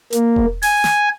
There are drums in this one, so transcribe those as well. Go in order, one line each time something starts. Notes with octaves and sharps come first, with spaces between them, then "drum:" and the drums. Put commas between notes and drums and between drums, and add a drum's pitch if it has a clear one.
A#3, drum: hi-hat
drum: kick E1
G#5, drum: open hi-hat
drum: snare